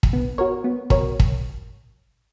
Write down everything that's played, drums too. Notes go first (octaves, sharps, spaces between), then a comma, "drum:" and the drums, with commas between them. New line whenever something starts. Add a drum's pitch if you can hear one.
drum: kick
B3
F#4 A#4 C#5
B3
F#4 A#4 C#5, drum: kick
drum: kick